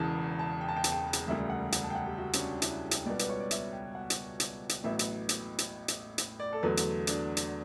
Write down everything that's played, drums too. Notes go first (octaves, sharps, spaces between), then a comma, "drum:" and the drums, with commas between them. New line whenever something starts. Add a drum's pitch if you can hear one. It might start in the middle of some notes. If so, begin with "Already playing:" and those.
Already playing: E1 E2 C#3 E3 A5
A5
G5
A5
G5
A5, drum: hi-hat
G5
drum: hi-hat
E1 D2 C#3 G3 E5
F#5
F#5, drum: hi-hat
A5
G5
F#5
G4
F#4
C#4, drum: hi-hat
D4
E4, drum: hi-hat
drum: hi-hat
C#2 B2 G3 B3 D5
B4, drum: hi-hat
C#5
D5
E5, drum: hi-hat
G5
F#5
drum: hi-hat
drum: hi-hat
drum: hi-hat
A1 A2 F#3 B3 E5
drum: hi-hat
drum: hi-hat
drum: hi-hat
drum: hi-hat
drum: hi-hat
D5
A4
E2 D3 F#3 A3 B4
drum: hi-hat
D4, drum: hi-hat
drum: hi-hat